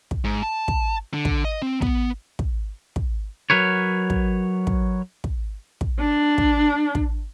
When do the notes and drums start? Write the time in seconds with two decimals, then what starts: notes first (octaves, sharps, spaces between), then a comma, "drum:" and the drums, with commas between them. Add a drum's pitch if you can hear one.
0.11 drum: kick
0.24 G#2
0.43 A5
0.68 drum: kick
1.14 D3
1.25 drum: kick
1.45 D#5
1.62 C4
1.82 B3, drum: kick
2.39 drum: kick
2.96 drum: kick
3.50 F#3 A#4 B4 C#5
4.10 drum: kick
4.67 drum: kick
5.24 drum: kick
5.81 drum: kick
5.99 D4
6.38 drum: kick
6.95 drum: kick